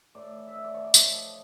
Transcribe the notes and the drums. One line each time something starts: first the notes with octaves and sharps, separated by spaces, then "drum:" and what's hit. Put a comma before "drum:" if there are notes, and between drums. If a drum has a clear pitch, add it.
A2 D5
E3
E5
A2 D#5
D5
E3 C#5
D5
A2 D#5, drum: tambourine
F3